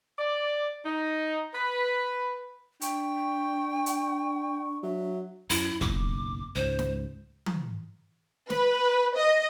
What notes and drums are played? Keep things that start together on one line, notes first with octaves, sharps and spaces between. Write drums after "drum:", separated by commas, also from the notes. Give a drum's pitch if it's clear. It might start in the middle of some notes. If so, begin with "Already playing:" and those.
D5
D#4
B4
D4 G5 C#6, drum: hi-hat
drum: hi-hat
F#3 E5
F#2 E4, drum: open hi-hat
F#1 B1 D6, drum: kick
C#2 G#2 C5
drum: snare
drum: tom E3
B4, drum: snare
D#5